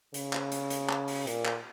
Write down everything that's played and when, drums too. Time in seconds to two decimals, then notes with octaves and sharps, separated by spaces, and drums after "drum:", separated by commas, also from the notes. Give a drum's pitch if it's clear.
0.14 C#3, drum: hi-hat
0.33 drum: clap
0.52 drum: hi-hat
0.70 drum: hi-hat
0.89 drum: clap
1.08 drum: open hi-hat
1.27 A#2, drum: hi-hat
1.45 drum: clap